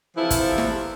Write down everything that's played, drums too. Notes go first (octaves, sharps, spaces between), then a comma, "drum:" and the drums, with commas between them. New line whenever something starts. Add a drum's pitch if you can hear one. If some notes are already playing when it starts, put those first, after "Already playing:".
C3 E3 F3 E4 F4 A4
drum: kick, hi-hat
drum: snare